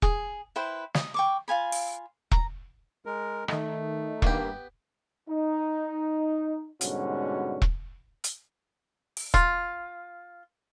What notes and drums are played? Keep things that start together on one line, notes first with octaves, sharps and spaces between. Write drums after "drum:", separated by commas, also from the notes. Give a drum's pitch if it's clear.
G#4, drum: kick E1
E4 B4 C5 G5
D#5, drum: snare
G5 C#6 D6
F4 F5 G#5 B5
drum: open hi-hat
A#5, drum: kick E1
G#3 A#4
D#3 A3 D#4, drum: rim click
G2 A#3 B3 G4, drum: kick E1
D#4
G#2 B2 D3 G3 C#4 F#4, drum: hi-hat
drum: kick E1
drum: hi-hat
drum: open hi-hat
F4, drum: kick E1